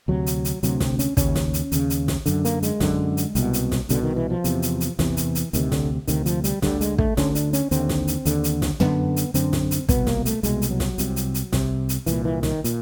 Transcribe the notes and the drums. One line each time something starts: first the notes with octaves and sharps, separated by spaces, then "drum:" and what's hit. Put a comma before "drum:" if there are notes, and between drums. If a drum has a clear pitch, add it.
D2 C3 F#3
drum: hi-hat
drum: hi-hat
D2 C3 F#3, drum: hi-hat
C4, drum: snare
C#4, drum: hi-hat
D#2 C#3 C#4, drum: kick, hi-hat
drum: snare
drum: hi-hat
D#2 C#3, drum: hi-hat
drum: hi-hat
drum: snare
F#2 D3, drum: hi-hat
A#3, drum: hi-hat
G#3, drum: hi-hat
F#2 D3, drum: snare
drum: hi-hat
C2 B2, drum: hi-hat
drum: hi-hat
drum: snare
C2 B2 D3, drum: hi-hat
D#3
E3
F3
E2 C3, drum: hi-hat
drum: hi-hat
drum: hi-hat
E2 C3 E3, drum: snare
drum: hi-hat
drum: hi-hat
D2 C3 D#3, drum: hi-hat
D3, drum: snare
D2 C3 D#3, drum: hi-hat
F3, drum: hi-hat
G3, drum: hi-hat
D2 D3 G3, drum: snare
G#3, drum: hi-hat
A3, drum: kick
D2 D3 C#4, drum: snare
D4, drum: hi-hat
C#4, drum: hi-hat
D#2 D3 C4, drum: hi-hat
drum: snare
drum: hi-hat
D#2 D3, drum: hi-hat
drum: hi-hat
drum: snare
F#2 D3 B3, drum: tom
drum: hi-hat
F#2 D3 C4, drum: hi-hat
drum: snare
drum: hi-hat
C2 B2 B3, drum: kick, hi-hat
A#3, drum: snare
A3, drum: hi-hat
C2 B2 G#3, drum: hi-hat
drum: hi-hat
F#3
drum: snare
C2 C3, drum: hi-hat
drum: hi-hat
drum: hi-hat
C2 C3, drum: snare
drum: hi-hat
C2 A#2 E3, drum: hi-hat
E3
D#3, drum: snare
A#2, drum: hi-hat